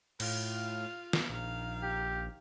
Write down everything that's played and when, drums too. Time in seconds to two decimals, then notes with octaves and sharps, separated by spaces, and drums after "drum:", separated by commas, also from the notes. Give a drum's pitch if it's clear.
0.20 A2 F4 F5, drum: cymbal
1.13 drum: snare
1.29 A#1 D#3 F5
1.83 G4